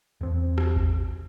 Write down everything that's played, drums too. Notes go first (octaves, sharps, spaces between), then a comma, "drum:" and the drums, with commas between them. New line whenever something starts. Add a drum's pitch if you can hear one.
E2 C4
drum: rim click
drum: kick A1